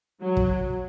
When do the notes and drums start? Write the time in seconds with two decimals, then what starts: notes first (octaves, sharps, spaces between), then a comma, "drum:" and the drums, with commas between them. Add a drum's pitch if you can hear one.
0.23 F#3
0.37 drum: kick